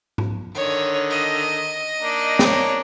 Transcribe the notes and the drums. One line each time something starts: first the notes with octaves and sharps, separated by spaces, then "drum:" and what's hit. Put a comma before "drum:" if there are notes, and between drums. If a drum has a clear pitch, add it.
drum: tom G#2
D3 D#3 C#5
D#5
A#3 D4 D#4
C#5 D#5, drum: snare